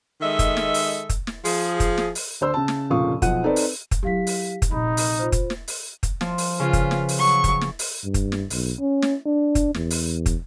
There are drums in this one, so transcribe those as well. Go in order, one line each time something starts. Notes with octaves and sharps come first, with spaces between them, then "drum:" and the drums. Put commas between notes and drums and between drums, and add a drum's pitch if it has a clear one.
D#3 G#3 A4 D#5 E5
drum: kick, hi-hat
drum: snare
drum: open hi-hat
drum: kick, hi-hat
drum: snare
F3 G#4, drum: open hi-hat
drum: kick, hi-hat
drum: snare
drum: open hi-hat
D2 D4 C5 C6 E6
C#3 A5
drum: snare
F1 A#2 C#3 F5 C#6 D#6
B1 F3 F#5 F#6 D#7, drum: kick, hi-hat
C4 D#4 A4 B4 D5
drum: open hi-hat
drum: kick, hi-hat
F#3 E4 G4 F5 B6
drum: open hi-hat
drum: kick, hi-hat
A#1 C3 D#4 B5
drum: open hi-hat
F4 C5
drum: kick, hi-hat
drum: snare
drum: open hi-hat
drum: kick, hi-hat
F3, drum: snare
drum: open hi-hat
C#3 F4 B4
drum: kick, hi-hat
drum: snare
drum: open hi-hat
F#3 C#6
drum: kick, hi-hat
drum: snare
drum: open hi-hat
G2
drum: kick, hi-hat
drum: snare
B1, drum: open hi-hat
C#4
drum: snare
D4
drum: kick, hi-hat
E2, drum: snare
drum: open hi-hat
drum: kick, hi-hat